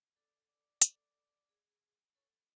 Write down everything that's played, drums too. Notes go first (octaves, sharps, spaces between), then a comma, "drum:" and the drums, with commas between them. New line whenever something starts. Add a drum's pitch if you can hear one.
A4 D5
D5
A4, drum: hi-hat
G#4
A4 C#5